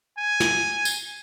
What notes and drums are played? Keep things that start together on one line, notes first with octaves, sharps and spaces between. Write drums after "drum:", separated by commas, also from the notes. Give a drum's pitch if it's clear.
G#5
drum: snare
drum: tambourine